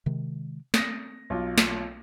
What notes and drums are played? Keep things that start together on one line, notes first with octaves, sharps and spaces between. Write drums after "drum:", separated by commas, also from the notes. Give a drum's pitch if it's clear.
C3 D#3 G#3
C4 D#6 A#6, drum: snare
B1 F4
drum: snare